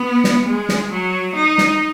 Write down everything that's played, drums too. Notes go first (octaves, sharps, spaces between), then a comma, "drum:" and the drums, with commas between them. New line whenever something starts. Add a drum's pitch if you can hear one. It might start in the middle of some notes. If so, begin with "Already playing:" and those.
Already playing: B3
drum: snare
G#3
drum: snare
F#3
D#4
drum: snare